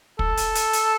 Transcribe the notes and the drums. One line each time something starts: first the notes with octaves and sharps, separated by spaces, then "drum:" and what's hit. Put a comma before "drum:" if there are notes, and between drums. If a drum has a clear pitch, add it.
A4, drum: kick
drum: hi-hat
drum: hi-hat
drum: hi-hat